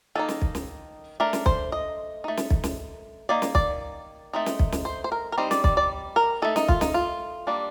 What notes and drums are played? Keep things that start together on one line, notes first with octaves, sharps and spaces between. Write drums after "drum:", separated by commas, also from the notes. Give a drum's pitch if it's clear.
D#3 A#3 D#4 A4
drum: snare
drum: kick
drum: snare
A3 D4 A#4
drum: snare
C5, drum: kick
D#5
A3 D#4
drum: snare
drum: kick
drum: snare
D#3 A#3 D#4 D5
drum: snare
D5, drum: kick
A3 C4 D#4
drum: snare
drum: kick
drum: snare
C5
C5
A#4
A#4
G3 C4 D#4 C5
D5, drum: snare
D5, drum: kick
D5
A#4
A3 D#4 A4
D#4, drum: snare
F4, drum: kick
D#4, drum: snare
F4
G3 A#3 D4